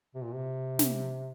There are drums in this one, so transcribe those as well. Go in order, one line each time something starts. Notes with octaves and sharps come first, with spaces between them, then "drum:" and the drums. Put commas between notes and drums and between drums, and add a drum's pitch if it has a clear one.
C3
A#2
C3
drum: snare